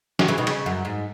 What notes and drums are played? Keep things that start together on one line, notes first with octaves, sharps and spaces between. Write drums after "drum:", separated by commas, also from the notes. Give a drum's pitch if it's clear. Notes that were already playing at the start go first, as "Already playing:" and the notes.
D#3 F#3, drum: snare
C#3 E3
B2 D#3
C#3, drum: cymbal
F#2
G#2